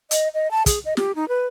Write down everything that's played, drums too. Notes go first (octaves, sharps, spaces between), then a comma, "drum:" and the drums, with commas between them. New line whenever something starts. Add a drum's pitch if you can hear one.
D#5, drum: hi-hat
D#5
A5
G#4, drum: kick, hi-hat
D#5
G4, drum: snare
D#4
B4